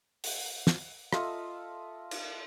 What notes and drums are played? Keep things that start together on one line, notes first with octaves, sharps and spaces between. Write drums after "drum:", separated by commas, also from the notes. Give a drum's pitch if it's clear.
drum: open hi-hat
drum: snare
F4 A4 D#5 E5, drum: rim click
drum: cymbal